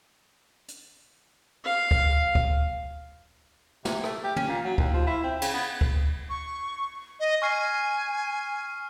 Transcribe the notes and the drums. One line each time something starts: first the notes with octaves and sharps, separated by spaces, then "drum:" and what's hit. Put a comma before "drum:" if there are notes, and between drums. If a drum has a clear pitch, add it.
drum: hi-hat
F5
drum: kick D2
drum: kick D2
C3, drum: snare
A3, drum: rim click
G4
C#4, drum: tom
A#2
F#3
D#2, drum: kick D2
F3
E4
C4
C#3, drum: cymbal
B3
drum: kick D2
C#6
D#5
G#5 C#6 F6 C7